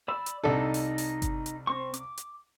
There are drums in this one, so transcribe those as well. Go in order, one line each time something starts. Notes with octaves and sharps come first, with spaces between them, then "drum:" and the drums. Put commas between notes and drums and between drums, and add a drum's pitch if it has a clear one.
D5 B5 E6
drum: hi-hat
C2 D4 D#4 A4
drum: open hi-hat
drum: open hi-hat
drum: kick G1, hi-hat
drum: hi-hat
C4 C#6
D6, drum: hi-hat
drum: hi-hat